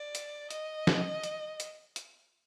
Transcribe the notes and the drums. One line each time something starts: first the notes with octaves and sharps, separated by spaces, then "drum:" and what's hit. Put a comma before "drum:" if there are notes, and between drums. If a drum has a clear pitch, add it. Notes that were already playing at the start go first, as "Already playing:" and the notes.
Already playing: D5
drum: hi-hat
D#5, drum: hi-hat
drum: snare
drum: hi-hat
drum: hi-hat
drum: hi-hat